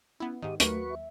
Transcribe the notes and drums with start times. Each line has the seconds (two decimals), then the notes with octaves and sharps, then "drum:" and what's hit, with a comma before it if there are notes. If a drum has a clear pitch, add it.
0.20 B3 C#4 E4
0.42 G#2 D#3 G4 D#5
0.60 D#2 F#3 A3 A#3 F#4 B4 C#6, drum: hi-hat
0.90 E5